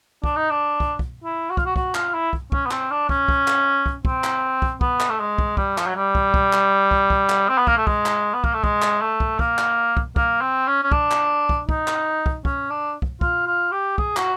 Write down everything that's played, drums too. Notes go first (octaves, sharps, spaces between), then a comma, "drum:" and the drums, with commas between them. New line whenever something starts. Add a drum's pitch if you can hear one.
D4, drum: kick
D#4
D4
drum: kick
drum: kick
E4
F#4
F4, drum: kick
F#4
F#4, drum: kick
F4, drum: clap
E4
drum: kick
C#4, drum: kick
B3
C4, drum: clap
D4
C#4, drum: kick
drum: kick
drum: clap
drum: kick
C4, drum: kick
drum: clap
drum: kick
B3, drum: kick
drum: clap
A3
G#3
drum: kick
G3, drum: kick
F3, drum: clap
F#3
G3
drum: kick
drum: kick
drum: clap
drum: kick
drum: kick
drum: clap
C4
B3
A#3, drum: kick
A3
G#3, drum: kick
drum: clap
B3
A#3, drum: kick
A3
G#3, drum: kick
drum: clap
A3
drum: kick
A#3, drum: kick
drum: clap
drum: kick
A#3, drum: kick
C4
C#4
C#4
D4, drum: kick
drum: clap
drum: kick
D#4, drum: kick
drum: clap
drum: kick
C#4, drum: kick
D4
drum: kick
F4, drum: kick
F4
G4
G#4, drum: kick
F#4, drum: clap